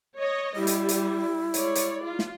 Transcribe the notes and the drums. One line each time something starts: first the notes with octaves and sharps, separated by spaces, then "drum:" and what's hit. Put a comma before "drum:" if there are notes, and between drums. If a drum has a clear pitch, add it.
C#5 D#5
G3 E4
drum: hi-hat
drum: hi-hat
G#3 C#5 D5, drum: hi-hat
drum: hi-hat
F4
drum: snare